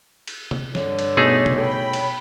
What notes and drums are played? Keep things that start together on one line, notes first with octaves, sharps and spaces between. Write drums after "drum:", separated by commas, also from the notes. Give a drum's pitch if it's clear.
drum: cymbal
drum: tom C3
G2 D3 C#5, drum: snare
drum: cymbal
B2 A3 D#4 G#4
drum: tom C3
G5 B5
drum: cymbal